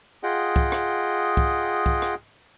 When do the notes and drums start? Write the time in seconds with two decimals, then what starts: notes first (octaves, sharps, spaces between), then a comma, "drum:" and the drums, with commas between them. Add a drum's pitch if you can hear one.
0.23 F4 G#4 D#5 F#5 G5
0.56 drum: kick C2
0.72 drum: rim click
1.37 drum: kick C2
1.86 drum: kick C2
2.02 drum: rim click